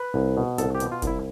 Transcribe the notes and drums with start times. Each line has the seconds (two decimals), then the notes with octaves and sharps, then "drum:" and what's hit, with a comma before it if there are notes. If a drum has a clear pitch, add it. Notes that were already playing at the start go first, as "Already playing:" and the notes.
Already playing: B4
0.14 C2
0.37 B2
0.58 C2 A4, drum: hi-hat
0.75 G4
0.80 B2, drum: hi-hat
0.92 F4
1.02 C2 E4, drum: kick, hi-hat